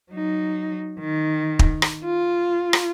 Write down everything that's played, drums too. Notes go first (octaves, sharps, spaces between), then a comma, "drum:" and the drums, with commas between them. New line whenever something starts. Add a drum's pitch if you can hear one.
F#3 D#4
D#3
drum: kick
drum: rim click
F4
drum: rim click